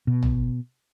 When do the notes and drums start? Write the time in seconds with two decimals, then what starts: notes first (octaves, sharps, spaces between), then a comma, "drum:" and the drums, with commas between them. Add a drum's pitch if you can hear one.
0.07 B2
0.23 drum: tom A1